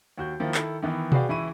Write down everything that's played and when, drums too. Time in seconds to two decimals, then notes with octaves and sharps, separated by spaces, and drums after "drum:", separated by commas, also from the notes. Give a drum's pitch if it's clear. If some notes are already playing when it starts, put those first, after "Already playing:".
0.18 D#2 F#4 G6
0.40 D#3 F3 A#3 E4
0.54 D#3 E4 A4, drum: clap
0.82 D#3 E3 B3 E4
1.12 F#4 G#4 B4 D5 F5 G5, drum: tom B2
1.28 C#2 E3 E4 C#6 D#7